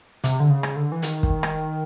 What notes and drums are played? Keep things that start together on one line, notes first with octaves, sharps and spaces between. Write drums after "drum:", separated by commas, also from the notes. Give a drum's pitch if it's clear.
C3, drum: hi-hat
D3
C#3
drum: rim click
D3
E3
D#3, drum: hi-hat
drum: kick
drum: rim click